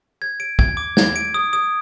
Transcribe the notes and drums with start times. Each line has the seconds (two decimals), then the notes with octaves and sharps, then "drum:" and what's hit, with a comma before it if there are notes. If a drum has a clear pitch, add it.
0.22 G#6
0.40 D7
0.59 G#6, drum: kick
0.77 D6
0.97 G#6, drum: snare
1.16 D7
1.34 D#6
1.53 D#6